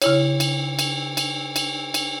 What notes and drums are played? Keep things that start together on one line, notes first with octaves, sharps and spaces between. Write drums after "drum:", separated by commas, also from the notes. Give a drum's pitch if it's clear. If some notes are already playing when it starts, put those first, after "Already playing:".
C#3 E4 C#5, drum: cymbal
drum: cymbal
drum: cymbal
drum: cymbal
drum: cymbal
drum: cymbal